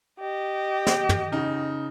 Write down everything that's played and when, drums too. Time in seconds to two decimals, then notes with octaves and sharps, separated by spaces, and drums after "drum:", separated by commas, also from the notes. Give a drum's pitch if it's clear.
0.19 G4 D#5
0.86 drum: snare
1.09 drum: tom
1.32 C#3 D#4